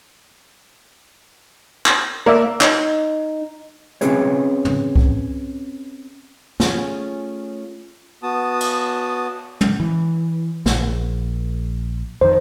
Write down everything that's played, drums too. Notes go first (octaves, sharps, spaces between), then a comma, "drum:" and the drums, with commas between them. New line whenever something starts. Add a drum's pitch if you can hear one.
drum: clap
A#3 A#4 D5 E5
D#4, drum: clap
C4 C#4 G#4 B4 C#5, drum: hi-hat
drum: tom
drum: kick C2
A3 C#4 F4 G#4 C#5, drum: snare
B3 F#4 A5 D#6
drum: cymbal
drum: tom
E3
A#1, drum: snare
F2 D#3 C5